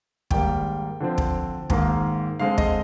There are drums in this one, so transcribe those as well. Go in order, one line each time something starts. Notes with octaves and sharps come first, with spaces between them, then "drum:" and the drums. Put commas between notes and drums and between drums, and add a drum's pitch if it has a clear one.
G#2 D#3 G3 A#3 G5, drum: kick
D3 F3 C4
drum: kick
G#2 D#3 A#3, drum: kick
D3 G#3 C4 F5
D#5, drum: kick